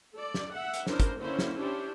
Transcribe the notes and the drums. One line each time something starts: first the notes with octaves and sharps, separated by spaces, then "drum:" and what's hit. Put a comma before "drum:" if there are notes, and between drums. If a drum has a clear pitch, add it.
A4 D5
drum: snare
E5 F#5
drum: hi-hat
C#4 D4 E4 A#4 C5, drum: snare
drum: kick, hi-hat
D3 A#3 C#4 E4 C5
drum: snare
C#4 D4 E4 G4 C5